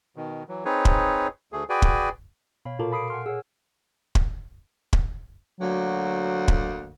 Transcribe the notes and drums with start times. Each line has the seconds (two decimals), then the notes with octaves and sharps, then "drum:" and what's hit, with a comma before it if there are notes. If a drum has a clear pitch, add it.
0.16 B2 D#3
0.49 E3 F#3
0.65 C4 D#4 G#4 B4 C#5
0.85 drum: kick
1.52 D2 A3 G#4
1.70 F#4 G#4 B4 D5 G5 G#5
1.82 drum: kick
2.65 B2 C#5 F5 B5
2.79 A#2 F4 F#4 A4 A#4 A5 D6
2.92 F5 A5 B5 D#6 C7 D7
3.10 F#5 G#5 C6 F6
3.26 G#4 C#5 F#5 E6
4.15 drum: kick
4.93 drum: kick
5.60 D2 F#3 A#3 F#5
6.48 drum: kick